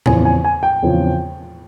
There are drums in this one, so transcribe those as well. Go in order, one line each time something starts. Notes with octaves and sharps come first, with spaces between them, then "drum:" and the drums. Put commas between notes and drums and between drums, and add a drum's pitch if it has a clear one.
E2 C#3 F3 C4 G#5, drum: tom A2
G#5
G#5
G5
E2 C#3 F3 C4